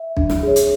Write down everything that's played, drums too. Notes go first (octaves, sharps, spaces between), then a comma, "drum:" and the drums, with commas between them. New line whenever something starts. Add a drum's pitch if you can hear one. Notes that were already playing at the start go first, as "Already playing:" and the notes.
Already playing: E5
D4, drum: kick B1
drum: snare
G#4 C#5
drum: hi-hat